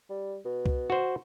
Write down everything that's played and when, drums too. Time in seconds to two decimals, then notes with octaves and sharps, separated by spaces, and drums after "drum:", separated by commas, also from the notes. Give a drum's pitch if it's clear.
0.09 G3
0.45 B2
0.66 drum: kick C2
0.90 F#4 C5